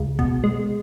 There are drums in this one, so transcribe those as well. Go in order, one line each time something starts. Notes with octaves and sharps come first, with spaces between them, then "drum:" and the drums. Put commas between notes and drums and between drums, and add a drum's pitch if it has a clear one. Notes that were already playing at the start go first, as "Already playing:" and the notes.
Already playing: C#2
B2, drum: kick
G#3